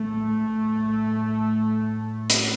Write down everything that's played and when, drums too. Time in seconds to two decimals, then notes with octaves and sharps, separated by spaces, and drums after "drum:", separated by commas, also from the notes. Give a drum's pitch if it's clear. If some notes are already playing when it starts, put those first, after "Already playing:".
Already playing: A2 A3
2.30 drum: hi-hat